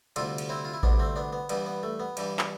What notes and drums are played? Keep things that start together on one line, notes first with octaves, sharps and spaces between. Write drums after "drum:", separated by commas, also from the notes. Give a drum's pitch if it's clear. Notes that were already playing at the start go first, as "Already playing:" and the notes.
D2 C3 G3 F4 A4, drum: cymbal
drum: cymbal
C4 E4
F4
E4
D2 C3 G3 B3 D4, drum: kick A1
A3 C4
B3 D4
B3
G2 E3 G3 B3, drum: cymbal
B3
A3
B3
G2 E3 G3, drum: cymbal
drum: clap